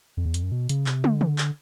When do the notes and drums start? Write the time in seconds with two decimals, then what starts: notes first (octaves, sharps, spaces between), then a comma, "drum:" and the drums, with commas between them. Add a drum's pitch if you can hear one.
0.17 F2
0.25 E2
0.34 F2, drum: hi-hat
0.43 F#2
0.52 B2
0.69 C#3, drum: hi-hat
0.86 C3, drum: clap
1.04 D3, drum: tom
1.21 drum: tom
1.38 drum: clap